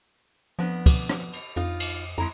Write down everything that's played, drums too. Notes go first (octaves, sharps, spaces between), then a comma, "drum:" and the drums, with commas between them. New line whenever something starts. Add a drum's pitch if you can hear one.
F2 F3 B3 D4
drum: kick, cymbal
drum: rim click
drum: cymbal
F2 D#4 F4
drum: cymbal
F2 G#3 E4 A#5